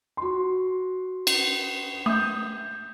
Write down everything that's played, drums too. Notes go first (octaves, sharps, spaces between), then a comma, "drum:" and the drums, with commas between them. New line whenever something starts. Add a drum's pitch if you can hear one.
F#4 C6
drum: cymbal
A3 D#6 G6